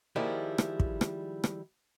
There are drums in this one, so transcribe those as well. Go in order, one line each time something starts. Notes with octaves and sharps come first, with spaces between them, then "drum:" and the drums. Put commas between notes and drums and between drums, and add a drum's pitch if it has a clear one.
D#3 F3 G3 G#3 A#3 E4
drum: rim click
drum: kick
drum: rim click
drum: rim click